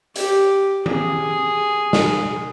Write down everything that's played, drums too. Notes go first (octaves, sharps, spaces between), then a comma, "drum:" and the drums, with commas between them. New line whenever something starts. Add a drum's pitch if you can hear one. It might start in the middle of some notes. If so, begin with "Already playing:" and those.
G4, drum: hi-hat
G#4, drum: tom D#3
drum: snare